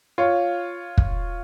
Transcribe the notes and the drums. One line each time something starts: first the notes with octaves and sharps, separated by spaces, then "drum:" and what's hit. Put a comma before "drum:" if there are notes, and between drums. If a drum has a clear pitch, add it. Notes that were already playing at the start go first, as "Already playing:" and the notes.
F4 C#5
drum: kick